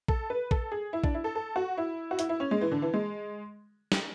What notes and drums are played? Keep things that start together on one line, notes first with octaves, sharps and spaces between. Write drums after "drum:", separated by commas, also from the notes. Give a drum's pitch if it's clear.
A4, drum: kick A#1
B4
A4, drum: kick A#1
G#4
E4
D4, drum: kick A#1
E4
A4
A4
F#4
E4
F#4
E4, drum: hi-hat
E4
C#4
G#3
E3
D3
E3
G#3
drum: snare